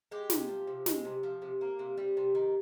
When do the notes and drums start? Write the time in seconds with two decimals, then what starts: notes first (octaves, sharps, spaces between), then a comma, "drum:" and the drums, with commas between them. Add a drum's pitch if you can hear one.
0.11 G#3 G4
0.30 C3, drum: snare
0.49 F3
0.67 C3
0.86 G#3, drum: snare
1.05 C3
1.23 F3
1.42 C3
1.61 A#3
1.79 C3
1.98 G3
2.17 C3
2.35 D#3